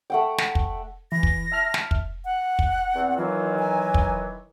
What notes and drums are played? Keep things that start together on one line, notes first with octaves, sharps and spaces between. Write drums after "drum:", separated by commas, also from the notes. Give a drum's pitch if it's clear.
A3 F#5 G5
drum: snare
drum: kick
E3 A#6
drum: kick
E5 A5 F6
drum: snare
drum: kick
F#5
drum: kick
E2 C4
D#3 E3 F#3 F4
G#5
drum: kick